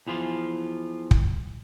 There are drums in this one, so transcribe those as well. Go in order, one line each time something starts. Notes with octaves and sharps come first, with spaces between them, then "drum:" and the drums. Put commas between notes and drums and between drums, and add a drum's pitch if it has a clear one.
E2 E3 F3 F4
drum: kick